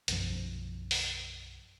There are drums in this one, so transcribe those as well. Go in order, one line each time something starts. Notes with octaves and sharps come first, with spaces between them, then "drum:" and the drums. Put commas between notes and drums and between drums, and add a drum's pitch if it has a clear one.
B1 F#2 F3, drum: hi-hat
drum: open hi-hat